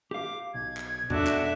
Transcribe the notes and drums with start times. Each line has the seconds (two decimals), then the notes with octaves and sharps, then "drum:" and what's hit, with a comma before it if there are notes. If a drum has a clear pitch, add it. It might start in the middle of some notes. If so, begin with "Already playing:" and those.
0.11 G4 F5 D6
0.54 B1 G#6
0.77 drum: clap
1.10 B2 D4 F#4 A4 E5, drum: tom E2
1.27 drum: clap